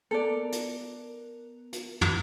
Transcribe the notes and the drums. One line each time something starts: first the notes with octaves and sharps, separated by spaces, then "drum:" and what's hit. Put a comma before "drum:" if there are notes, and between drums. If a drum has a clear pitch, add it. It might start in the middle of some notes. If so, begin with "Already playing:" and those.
B3 A4 A#4 D5
drum: hi-hat
drum: hi-hat
drum: tom